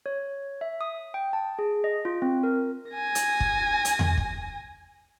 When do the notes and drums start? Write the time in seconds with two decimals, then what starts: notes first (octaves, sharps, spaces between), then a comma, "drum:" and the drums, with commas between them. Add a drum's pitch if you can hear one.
0.06 C#5
0.61 E5
0.81 D#6
1.14 G5
1.33 A5
1.59 G#4
1.84 D#5
2.05 F4
2.22 C4
2.43 A#4
2.92 G#5 A#6
3.15 drum: hi-hat
3.40 drum: kick
3.85 drum: hi-hat
3.99 drum: tom E2
4.18 drum: kick